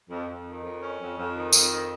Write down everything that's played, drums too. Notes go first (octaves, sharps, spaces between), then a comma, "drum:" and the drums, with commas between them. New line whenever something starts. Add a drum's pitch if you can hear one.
F2
F2
D#3
F2
C#4
F2
F2
D#3
F2, drum: tambourine
D#3